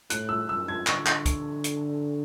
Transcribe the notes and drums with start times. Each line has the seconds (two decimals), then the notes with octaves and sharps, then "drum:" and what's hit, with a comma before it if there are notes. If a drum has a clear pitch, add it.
0.10 A2 F#6, drum: hi-hat
0.29 E6
0.49 F#2 E6
0.68 G#6
0.87 D3 C#6, drum: clap
1.06 drum: clap
1.26 drum: kick, hi-hat
1.64 drum: hi-hat